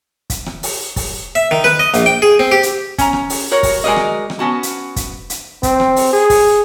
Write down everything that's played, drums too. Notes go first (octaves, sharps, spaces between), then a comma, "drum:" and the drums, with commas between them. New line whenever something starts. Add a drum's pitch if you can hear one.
drum: kick, hi-hat
drum: rim click
drum: open hi-hat
drum: kick, open hi-hat
E5
D#3
B4, drum: rim click
D#5
A#1, drum: hi-hat
G5
G#4
C4
G4
drum: hi-hat
C#4 A#5, drum: kick, hi-hat
drum: rim click
drum: open hi-hat
F#4 A#4 C#5
drum: kick, open hi-hat
G#3 F#4 A#4 D5 D#5
drum: rim click
drum: rim click
B3 C#4 F#4 A5
drum: hi-hat
drum: kick, hi-hat
drum: hi-hat
C4, drum: kick, hi-hat
drum: rim click
drum: open hi-hat
G#4
drum: kick, open hi-hat